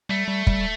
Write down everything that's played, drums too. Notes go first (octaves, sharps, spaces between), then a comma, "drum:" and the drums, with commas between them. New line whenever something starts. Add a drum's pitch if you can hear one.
G3 A3
G3
G3, drum: kick